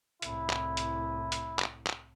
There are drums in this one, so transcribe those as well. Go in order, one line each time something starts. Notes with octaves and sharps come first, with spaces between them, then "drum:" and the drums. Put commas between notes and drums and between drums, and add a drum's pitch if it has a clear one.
C2 A2 E4, drum: hi-hat
drum: clap
drum: hi-hat
drum: hi-hat
drum: clap
drum: clap